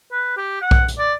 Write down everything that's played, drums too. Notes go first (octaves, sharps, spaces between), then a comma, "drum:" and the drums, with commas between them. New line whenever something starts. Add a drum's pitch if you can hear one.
B4
G4
F#5
drum: kick B1
drum: hi-hat
D5